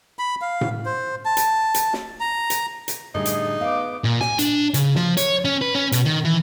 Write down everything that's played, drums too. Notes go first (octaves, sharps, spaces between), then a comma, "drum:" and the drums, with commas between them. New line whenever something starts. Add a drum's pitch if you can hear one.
B5
F5
drum: tom A2
C5
A5
drum: hi-hat
drum: hi-hat
drum: snare
A#5
drum: hi-hat
drum: hi-hat
A2 D3 G3 D#4 G#4
drum: hi-hat
B3 F5 D6
A#2
G#5, drum: snare
D4, drum: hi-hat
C#3, drum: hi-hat
F3, drum: snare
C#5, drum: hi-hat
C#4
B4
C#4
B2, drum: hi-hat
D#3
E3